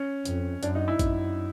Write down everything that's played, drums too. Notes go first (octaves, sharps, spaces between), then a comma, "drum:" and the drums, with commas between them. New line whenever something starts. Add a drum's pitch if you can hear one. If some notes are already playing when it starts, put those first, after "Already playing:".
Already playing: C#4
F2, drum: hi-hat
F#2 D4, drum: hi-hat
D#4
E4
F#2, drum: kick, hi-hat